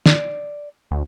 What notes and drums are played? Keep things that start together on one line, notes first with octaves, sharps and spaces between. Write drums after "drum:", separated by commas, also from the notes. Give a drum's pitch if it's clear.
D5, drum: snare
D2